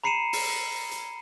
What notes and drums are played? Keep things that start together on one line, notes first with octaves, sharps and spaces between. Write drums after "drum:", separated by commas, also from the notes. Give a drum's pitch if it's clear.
A#5 B5 C7 C#7 D#7 E7
drum: open hi-hat
drum: hi-hat